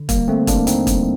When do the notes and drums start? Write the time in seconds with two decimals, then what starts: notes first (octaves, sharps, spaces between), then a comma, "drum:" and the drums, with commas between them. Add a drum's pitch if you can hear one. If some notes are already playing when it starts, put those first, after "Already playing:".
Already playing: D3
0.09 G3 A#3, drum: kick, hi-hat
0.28 D3 A3 C4
0.47 D#2 A#3 D4, drum: kick, hi-hat
0.67 D#2 C4 D#4, drum: hi-hat
0.87 G3, drum: kick, hi-hat